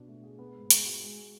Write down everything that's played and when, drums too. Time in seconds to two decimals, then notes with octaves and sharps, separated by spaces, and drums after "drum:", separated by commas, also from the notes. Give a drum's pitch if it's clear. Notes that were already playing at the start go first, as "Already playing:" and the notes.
Already playing: B2 D4
0.08 A3
0.24 G#4
0.39 B3
0.55 G#2
0.70 G#3, drum: hi-hat
0.86 F#4
1.02 G#3